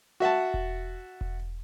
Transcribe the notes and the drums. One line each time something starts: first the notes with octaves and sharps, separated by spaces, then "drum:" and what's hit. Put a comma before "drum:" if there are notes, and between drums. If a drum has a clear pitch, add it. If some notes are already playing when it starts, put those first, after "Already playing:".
F#4 E5 F#5 A5
drum: kick E1
drum: kick E1